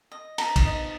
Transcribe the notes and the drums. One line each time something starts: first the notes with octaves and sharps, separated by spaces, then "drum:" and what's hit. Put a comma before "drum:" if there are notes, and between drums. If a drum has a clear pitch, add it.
D#5
A#5, drum: cymbal
drum: kick, cymbal
D#5